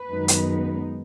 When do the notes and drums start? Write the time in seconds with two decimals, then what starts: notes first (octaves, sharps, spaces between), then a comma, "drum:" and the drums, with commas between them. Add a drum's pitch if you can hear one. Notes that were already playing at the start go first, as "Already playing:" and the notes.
Already playing: B4
0.11 F#2 D#3 G#3 B3 D#4
0.28 drum: hi-hat